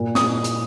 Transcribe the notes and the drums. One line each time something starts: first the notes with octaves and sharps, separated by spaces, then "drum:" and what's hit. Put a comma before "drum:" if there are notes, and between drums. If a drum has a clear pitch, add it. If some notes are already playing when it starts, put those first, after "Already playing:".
Already playing: A#2
D#6, drum: snare
drum: hi-hat